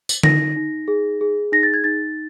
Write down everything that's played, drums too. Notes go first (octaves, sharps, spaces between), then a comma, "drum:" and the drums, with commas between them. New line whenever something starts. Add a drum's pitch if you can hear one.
drum: tambourine
D#4 A#6, drum: tom D3
D#4
G#4
G#4
D#4 A#6
A6
G#6
D#4 A6